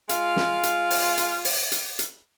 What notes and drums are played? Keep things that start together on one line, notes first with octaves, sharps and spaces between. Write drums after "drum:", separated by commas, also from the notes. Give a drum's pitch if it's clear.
G#3 F4 F5, drum: hi-hat
drum: snare
drum: hi-hat
drum: open hi-hat
drum: hi-hat
drum: open hi-hat
drum: hi-hat
drum: hi-hat